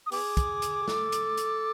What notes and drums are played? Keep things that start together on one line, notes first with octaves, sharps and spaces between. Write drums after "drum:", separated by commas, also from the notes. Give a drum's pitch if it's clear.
D#6
B3 G#4 D6, drum: open hi-hat
drum: kick, hi-hat
drum: hi-hat
G#4
A4, drum: snare
drum: hi-hat
drum: hi-hat